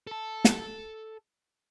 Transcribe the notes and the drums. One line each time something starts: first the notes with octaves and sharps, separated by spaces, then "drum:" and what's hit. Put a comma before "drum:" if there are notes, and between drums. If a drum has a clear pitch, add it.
A4 A5
drum: snare